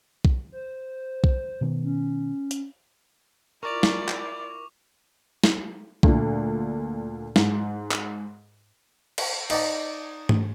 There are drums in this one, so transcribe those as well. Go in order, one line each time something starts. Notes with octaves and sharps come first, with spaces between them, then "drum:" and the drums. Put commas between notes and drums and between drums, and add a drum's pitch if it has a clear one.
drum: kick B1
C5
drum: kick B1
B2 D#3 B3
C#4
drum: hi-hat
E4 F4 A#4 D5 C#6 D6 F7
drum: snare
drum: clap
drum: snare
D2 A#2, drum: kick B1
G#2, drum: snare
drum: clap
drum: cymbal
D#4 D5, drum: cymbal
drum: tom G#2